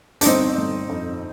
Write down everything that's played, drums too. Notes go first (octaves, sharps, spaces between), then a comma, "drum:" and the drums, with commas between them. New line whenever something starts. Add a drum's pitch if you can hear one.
D4, drum: hi-hat
G1 C4 D#4
G1
F2